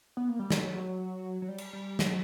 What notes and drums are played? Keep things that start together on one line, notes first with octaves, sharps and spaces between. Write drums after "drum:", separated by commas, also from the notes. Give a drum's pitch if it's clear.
B3
A#3
G3
F#3, drum: snare
F#3
G3
drum: cymbal
G3
F#3, drum: snare